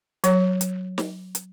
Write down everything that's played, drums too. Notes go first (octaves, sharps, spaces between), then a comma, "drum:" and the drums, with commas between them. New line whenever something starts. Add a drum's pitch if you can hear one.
F#3 C#5, drum: hi-hat
drum: hi-hat
drum: snare
drum: hi-hat